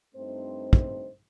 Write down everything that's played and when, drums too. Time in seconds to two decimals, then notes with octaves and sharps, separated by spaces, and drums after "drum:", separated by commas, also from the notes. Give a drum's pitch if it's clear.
0.15 G2 A3 C4 D#4 C5
0.73 drum: kick